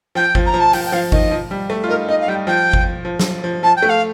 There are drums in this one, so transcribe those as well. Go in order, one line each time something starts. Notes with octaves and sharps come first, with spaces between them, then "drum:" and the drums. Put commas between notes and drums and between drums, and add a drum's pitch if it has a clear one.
F3 G5
F3, drum: kick G#1
A#5
F3
A5
F3 G5, drum: open hi-hat
G5
F3 F5
D#3 D#5, drum: kick G#1
F3
G3
A3
F4
D#4 A#4
D#4 D#5
F5
G3 G5
F3 G5
drum: kick G#1
F3
drum: snare
F3
F3 A5
G5
A3
F5